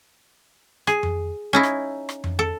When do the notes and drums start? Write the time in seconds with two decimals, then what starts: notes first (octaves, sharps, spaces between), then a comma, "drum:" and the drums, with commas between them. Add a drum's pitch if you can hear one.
0.87 G#4, drum: rim click
1.03 drum: tom F2
1.53 C#4 D#4 E4
1.63 drum: rim click
2.09 drum: rim click
2.24 drum: tom F2
2.39 A4